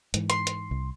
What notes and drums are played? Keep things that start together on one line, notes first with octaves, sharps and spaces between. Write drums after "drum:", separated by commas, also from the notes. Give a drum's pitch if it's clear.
G#2 E3, drum: hi-hat
C6, drum: hi-hat
drum: hi-hat
C2